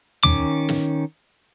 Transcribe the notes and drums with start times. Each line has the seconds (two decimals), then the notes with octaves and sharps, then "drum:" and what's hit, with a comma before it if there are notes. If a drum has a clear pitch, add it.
0.23 D#3 C#4 D6, drum: tom
0.69 drum: snare